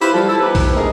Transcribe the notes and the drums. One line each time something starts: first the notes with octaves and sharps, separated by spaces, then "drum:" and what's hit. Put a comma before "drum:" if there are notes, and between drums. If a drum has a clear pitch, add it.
E4 F4 G4 B4 C5
F3 G3 A4
E4 A4 C5
B3 D#4 E4 G4 B4 C5
drum: kick B1, open hi-hat
G2 F3 A3 G#4 A#4 D#5